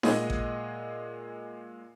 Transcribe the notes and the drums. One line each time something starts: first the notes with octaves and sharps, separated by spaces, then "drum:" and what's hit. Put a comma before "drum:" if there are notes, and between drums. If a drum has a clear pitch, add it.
A#2 G#3 G#4 D#5 F#5, drum: snare D#4
drum: kick A1